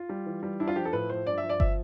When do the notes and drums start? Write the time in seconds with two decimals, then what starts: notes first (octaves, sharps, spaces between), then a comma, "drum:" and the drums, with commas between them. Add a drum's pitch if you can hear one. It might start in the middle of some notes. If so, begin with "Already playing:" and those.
Already playing: F4
0.09 G3
0.26 E3
0.43 G3
0.60 D4 E4
0.68 F4
0.76 F3 G4
0.85 A4
0.93 A2 B4
1.09 F3 C5
1.26 G2 D5
1.38 E5
1.43 F3
1.49 D5
1.60 F3 E5, drum: kick G1